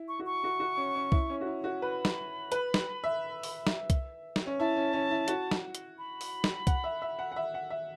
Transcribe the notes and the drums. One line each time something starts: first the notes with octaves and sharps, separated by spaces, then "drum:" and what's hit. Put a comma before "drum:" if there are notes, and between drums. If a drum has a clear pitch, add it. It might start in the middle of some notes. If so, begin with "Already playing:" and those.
Already playing: E4
C#6
F#4
C#6
F#4
F#4
C#4
C#4
E4, drum: kick C2
C#4
F#4
E4
F#4
B4 B5
drum: snare
B4, drum: hi-hat
drum: snare
E5
drum: open hi-hat
drum: snare
drum: kick C2, hi-hat
drum: snare
C#4
E4 A5
C#4
C#4
E4
F#4, drum: hi-hat
drum: snare
drum: hi-hat
B5
drum: open hi-hat
drum: snare
F#5, drum: kick C2, hi-hat
E5
E5
F#5
F#5
E5
F#5
E5